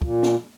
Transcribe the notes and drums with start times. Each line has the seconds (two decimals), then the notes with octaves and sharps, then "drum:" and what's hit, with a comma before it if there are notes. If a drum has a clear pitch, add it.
0.02 A#2, drum: kick
0.23 drum: snare